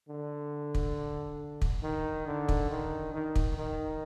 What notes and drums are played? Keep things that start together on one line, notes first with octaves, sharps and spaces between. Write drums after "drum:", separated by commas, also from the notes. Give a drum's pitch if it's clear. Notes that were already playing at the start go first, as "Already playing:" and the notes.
D3
drum: kick
drum: kick
D#3
D3
drum: kick
D#3
D#3
drum: kick
D#3